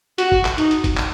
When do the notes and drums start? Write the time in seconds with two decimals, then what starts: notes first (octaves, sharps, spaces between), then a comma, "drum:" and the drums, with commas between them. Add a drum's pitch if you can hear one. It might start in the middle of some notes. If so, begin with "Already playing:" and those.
0.18 F#4, drum: hi-hat
0.32 drum: kick
0.45 drum: clap
0.58 D#4, drum: hi-hat
0.71 drum: hi-hat
0.84 drum: kick, hi-hat
0.97 drum: clap